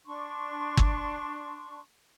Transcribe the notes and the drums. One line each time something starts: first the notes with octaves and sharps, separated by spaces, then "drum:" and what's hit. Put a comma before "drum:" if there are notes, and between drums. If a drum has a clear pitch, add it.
D4 C6 C#6
drum: kick